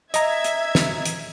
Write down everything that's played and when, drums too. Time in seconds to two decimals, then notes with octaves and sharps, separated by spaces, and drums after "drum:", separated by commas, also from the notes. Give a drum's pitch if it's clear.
0.14 D#5 E5 A#5 G#6, drum: hi-hat
0.44 drum: hi-hat
0.75 drum: snare
1.05 drum: hi-hat